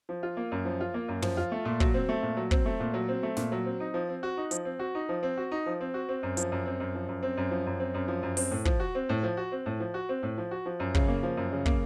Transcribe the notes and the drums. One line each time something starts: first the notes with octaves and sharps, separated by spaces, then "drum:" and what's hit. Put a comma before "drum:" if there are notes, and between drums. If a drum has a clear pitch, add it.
F3
F4
A#3
F#2
F3
F4
A#3
F#2
F3, drum: tom
F4
A3
A#2
F#3, drum: kick
C4
A3
A#2
F#3
C4, drum: kick
A3
A#2
F#3
C4
A3
A#2, drum: snare
F#3
C4
D#4
F3
C4
F#4
D#4
F3, drum: hi-hat
C4
F#4
D#4
F3
C4
F#4
D#4
F3
C4
F#4
C4
F#2
F3, drum: hi-hat
F#2
C4
F#2
F3
F#2
C4
F#2
F3
F#2
C4
F#2
F3
F#2
C4, drum: open hi-hat
A2
F3, drum: kick
F#4
C4
A2
F3
F#4
C4
A2
F3
F#4
C4
A2
F3
F#4
F3
F#2
C#3, drum: kick
A#3
F3
F#2
C#3
A#3, drum: kick